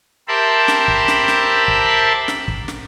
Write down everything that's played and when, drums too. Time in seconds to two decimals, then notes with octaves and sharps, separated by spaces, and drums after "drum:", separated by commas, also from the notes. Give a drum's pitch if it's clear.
0.28 G4 A#4 C5 E5 A5 B5
0.68 drum: snare
0.88 drum: kick
1.08 drum: snare
1.28 drum: snare
1.68 drum: kick
2.28 drum: snare
2.48 drum: kick
2.68 drum: snare